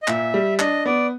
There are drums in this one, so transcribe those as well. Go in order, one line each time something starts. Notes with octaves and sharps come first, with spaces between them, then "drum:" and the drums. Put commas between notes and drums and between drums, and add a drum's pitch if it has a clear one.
D#5
A#2 E5, drum: clap
G3
D4 D#5, drum: clap
B3 D5